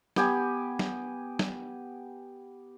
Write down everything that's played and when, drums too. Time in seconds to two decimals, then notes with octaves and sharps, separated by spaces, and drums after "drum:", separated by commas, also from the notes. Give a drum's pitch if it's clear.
0.16 B3 G4 G#5, drum: snare
0.79 drum: snare
1.39 drum: snare